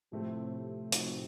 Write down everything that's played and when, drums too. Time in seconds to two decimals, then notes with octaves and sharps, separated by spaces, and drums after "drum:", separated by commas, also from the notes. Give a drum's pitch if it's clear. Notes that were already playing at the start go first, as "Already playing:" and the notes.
0.11 A2 C3 F3 A3 C4
0.92 F3 C4 D#4 F#4, drum: hi-hat